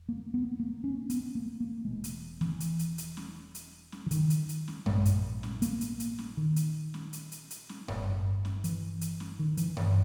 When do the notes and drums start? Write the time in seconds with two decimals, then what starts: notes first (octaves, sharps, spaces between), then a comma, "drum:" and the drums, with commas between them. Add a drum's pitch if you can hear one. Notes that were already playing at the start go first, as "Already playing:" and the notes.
Already playing: E1
0.09 A#3
0.34 B3
0.60 A#3
0.84 C#4
1.10 B3, drum: hi-hat
1.35 A#3
1.60 A#3
1.85 E1 E2 B2 G#3
2.04 drum: hi-hat
2.41 E3, drum: snare C#4
2.60 drum: hi-hat
2.79 drum: hi-hat
2.98 drum: hi-hat
3.17 drum: snare C#4
3.55 drum: hi-hat
3.92 drum: snare C#4
4.06 E3
4.11 D#3, drum: hi-hat
4.30 drum: hi-hat
4.49 drum: hi-hat
4.68 drum: snare C#4
4.86 A#1 G#2 G#3, drum: tom G2
5.05 drum: hi-hat
5.43 drum: snare C#4
5.62 A#3, drum: hi-hat
5.81 drum: hi-hat
6.00 drum: hi-hat
6.19 drum: snare C#4
6.37 D#3
6.56 drum: hi-hat
6.94 drum: snare C#4
7.13 drum: hi-hat
7.32 drum: hi-hat
7.50 drum: hi-hat
7.69 drum: snare C#4
7.88 G1 G2, drum: tom G2
8.45 drum: snare C#4
8.64 E3, drum: hi-hat
9.01 drum: hi-hat
9.20 drum: snare C#4
9.39 D#3
9.57 E3, drum: hi-hat
9.77 drum: tom G2